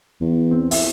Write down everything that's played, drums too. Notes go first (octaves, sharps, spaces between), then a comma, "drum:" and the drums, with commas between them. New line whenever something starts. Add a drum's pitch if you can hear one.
E2
C4
E4, drum: open hi-hat